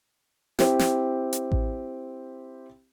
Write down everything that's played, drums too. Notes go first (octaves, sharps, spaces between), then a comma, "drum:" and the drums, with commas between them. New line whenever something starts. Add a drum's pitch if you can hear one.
C4 E4 G4, drum: snare
drum: snare
drum: hi-hat
drum: kick A1